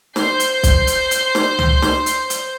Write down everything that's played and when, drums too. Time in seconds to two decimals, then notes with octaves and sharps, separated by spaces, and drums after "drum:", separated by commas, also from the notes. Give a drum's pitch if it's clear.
0.16 C5 G6 C7, drum: snare
0.40 drum: hi-hat
0.63 drum: kick B1, hi-hat
0.87 drum: hi-hat
1.11 drum: hi-hat
1.35 drum: snare
1.59 drum: tom
1.82 drum: snare
2.06 drum: hi-hat
2.30 drum: hi-hat